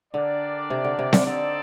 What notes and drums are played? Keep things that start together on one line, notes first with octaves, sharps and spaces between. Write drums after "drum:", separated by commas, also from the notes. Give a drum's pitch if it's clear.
D3 D4 G4 A#4 D5
C3
D3
C3
D3, drum: snare C4
D3 C4 D#4 A4 D5